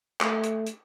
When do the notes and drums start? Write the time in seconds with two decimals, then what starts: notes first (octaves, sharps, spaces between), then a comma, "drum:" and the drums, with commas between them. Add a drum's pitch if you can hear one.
0.21 A3, drum: clap
0.44 drum: hi-hat
0.67 drum: hi-hat